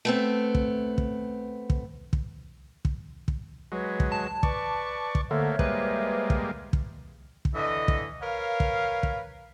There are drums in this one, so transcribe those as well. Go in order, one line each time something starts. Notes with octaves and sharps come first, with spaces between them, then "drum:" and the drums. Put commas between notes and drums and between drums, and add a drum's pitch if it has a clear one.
A3 B3 C4
drum: kick
drum: kick
drum: kick
drum: kick
drum: kick
drum: kick
F#3 G#3 B4 C#5
drum: kick
A5
B4 D5 C#6, drum: kick
drum: kick
D3 A3 A#3 C5 C#5 E5
G3 G#3 A#3 B4, drum: kick
drum: kick
drum: kick
drum: kick
D3 E3 A4 D#5
drum: kick
A#4 B4 C#5 F5
drum: kick
drum: kick